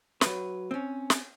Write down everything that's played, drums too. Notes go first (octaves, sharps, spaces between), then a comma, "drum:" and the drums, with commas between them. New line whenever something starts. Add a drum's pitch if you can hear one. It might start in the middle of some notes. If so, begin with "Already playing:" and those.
F#3 B4, drum: snare
C4 C#4
drum: snare